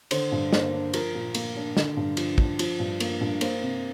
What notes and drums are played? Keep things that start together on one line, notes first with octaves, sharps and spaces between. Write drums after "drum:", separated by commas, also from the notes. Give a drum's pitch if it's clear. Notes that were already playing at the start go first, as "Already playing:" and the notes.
D3 C5, drum: cymbal
G2
A#3 C5, drum: snare
D4
F3 A#4, drum: cymbal
A#2
A#3, drum: cymbal
D4
D3, drum: snare
G2
F3, drum: cymbal
D4, drum: kick
F3, drum: cymbal
G2
A#3, drum: cymbal
G2
A#3 C5, drum: cymbal
C3